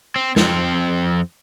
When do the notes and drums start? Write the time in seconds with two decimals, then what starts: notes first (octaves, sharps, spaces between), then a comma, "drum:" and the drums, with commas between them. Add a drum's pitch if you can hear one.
0.16 C4
0.36 F2 C4, drum: snare